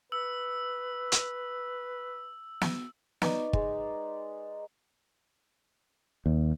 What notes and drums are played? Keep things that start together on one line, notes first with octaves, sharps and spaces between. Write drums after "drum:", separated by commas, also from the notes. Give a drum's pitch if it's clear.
B4 E6
drum: hi-hat
drum: snare
D#4 B4 D5 C#6, drum: snare
G#3, drum: kick
D#2